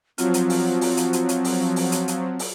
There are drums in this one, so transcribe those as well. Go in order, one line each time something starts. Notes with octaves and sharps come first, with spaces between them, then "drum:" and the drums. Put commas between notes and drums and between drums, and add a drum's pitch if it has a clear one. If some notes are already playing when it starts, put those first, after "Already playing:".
F3 F#3 C4 F4, drum: hi-hat
drum: hi-hat
drum: open hi-hat
drum: open hi-hat
drum: hi-hat
drum: hi-hat
drum: hi-hat
drum: open hi-hat
drum: open hi-hat
drum: hi-hat
drum: hi-hat
drum: open hi-hat